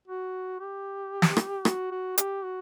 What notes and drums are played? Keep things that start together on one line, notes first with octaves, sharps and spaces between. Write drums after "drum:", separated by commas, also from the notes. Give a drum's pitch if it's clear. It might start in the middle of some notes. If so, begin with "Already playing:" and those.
F#4
G4
drum: snare
drum: rim click
F#4, drum: rim click
F#4
G4, drum: hi-hat
F#4